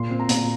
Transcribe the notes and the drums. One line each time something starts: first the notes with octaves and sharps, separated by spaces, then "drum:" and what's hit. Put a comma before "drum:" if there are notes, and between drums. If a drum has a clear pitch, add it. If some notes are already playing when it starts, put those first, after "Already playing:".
Already playing: A#2 C6
C4
A#5
A#2, drum: hi-hat